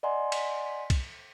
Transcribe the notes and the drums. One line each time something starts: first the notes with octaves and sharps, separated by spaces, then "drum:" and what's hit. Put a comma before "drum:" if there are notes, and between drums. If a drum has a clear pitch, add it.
D5 D#5 F#5 G#5 A#5 C6
drum: cymbal
drum: kick C2, cymbal